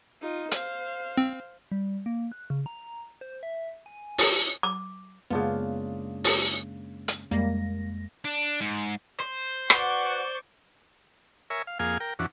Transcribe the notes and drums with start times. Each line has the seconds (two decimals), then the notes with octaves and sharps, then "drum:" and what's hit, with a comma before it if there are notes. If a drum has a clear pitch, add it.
0.22 D#4 F4
0.52 C5 F5, drum: hi-hat
1.17 C4
1.72 G3
2.06 A#3
2.32 F#6
2.50 C#3
2.66 A#5
3.21 C5
3.43 E5
3.86 G#5
4.18 drum: open hi-hat
4.63 D6
5.30 F#2 C#3 G#3 A#3 B3 D4 F4
6.24 drum: open hi-hat
7.08 drum: hi-hat
7.31 F2 G3 G#3 A#3 A#6
8.24 D4
8.60 G#2
9.20 C5
9.70 F#4 B4 D5 F#5 C#6, drum: rim click
11.50 A#4 C#5 E5 G#5
11.67 F5
11.79 F2 A#3 G#4 F5 G#5 F6
12.00 A#4 G5
12.19 F2 E3 C#4 D4 F#4